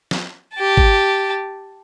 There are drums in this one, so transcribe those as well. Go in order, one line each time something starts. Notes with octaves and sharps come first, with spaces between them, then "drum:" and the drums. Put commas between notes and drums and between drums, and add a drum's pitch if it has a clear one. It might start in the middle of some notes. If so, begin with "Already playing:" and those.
drum: snare
G4 A5
drum: kick